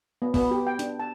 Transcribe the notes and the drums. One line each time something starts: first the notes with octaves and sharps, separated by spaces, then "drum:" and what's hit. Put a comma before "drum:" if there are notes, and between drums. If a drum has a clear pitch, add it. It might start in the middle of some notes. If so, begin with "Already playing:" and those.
B3
B3, drum: kick, open hi-hat
G4
G5
D4, drum: hi-hat
A5